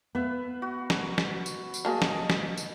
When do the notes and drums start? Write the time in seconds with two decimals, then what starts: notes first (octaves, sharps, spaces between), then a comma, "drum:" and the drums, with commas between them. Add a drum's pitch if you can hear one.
0.15 B3 B4 E5 F5
0.62 F#4
0.90 drum: snare
1.18 drum: snare
1.46 drum: tambourine
1.74 drum: tambourine
1.85 F#3 A#3 G#4 D#5 A5
2.02 drum: snare
2.30 drum: snare
2.58 drum: tambourine